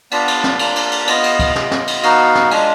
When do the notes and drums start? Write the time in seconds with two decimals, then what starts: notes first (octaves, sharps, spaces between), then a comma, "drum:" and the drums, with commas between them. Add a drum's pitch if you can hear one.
0.11 B3 D4 F4 D5, drum: cymbal
0.28 drum: cymbal
0.44 drum: snare
0.59 A#3 D4 F4, drum: cymbal
0.76 drum: cymbal
0.92 drum: cymbal
1.07 B3 F4 D#5, drum: cymbal
1.23 drum: cymbal
1.39 drum: kick, cymbal
1.56 B3 F4, drum: snare
1.71 drum: snare
1.87 drum: cymbal
2.03 B3 D#4 F#4 F5, drum: cymbal
2.35 drum: snare
2.51 G#3 D4 F4 G#5, drum: cymbal